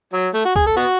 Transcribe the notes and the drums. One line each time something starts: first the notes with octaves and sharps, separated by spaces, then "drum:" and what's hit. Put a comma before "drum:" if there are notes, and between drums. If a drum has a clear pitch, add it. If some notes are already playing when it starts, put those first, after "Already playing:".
F#3
A3
F#4
G#4, drum: kick
A4
B3 F#4